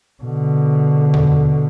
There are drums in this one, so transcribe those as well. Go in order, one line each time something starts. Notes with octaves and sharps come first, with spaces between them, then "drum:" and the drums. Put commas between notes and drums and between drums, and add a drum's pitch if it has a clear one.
B2 D3
drum: tom D#2